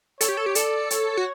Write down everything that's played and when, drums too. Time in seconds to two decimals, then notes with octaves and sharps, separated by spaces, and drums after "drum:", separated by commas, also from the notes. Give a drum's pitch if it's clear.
0.21 A4 C#5, drum: hi-hat
0.29 G4
0.37 A4
0.46 G4
0.55 A4 D5, drum: hi-hat
0.90 C#5, drum: hi-hat
1.17 F#4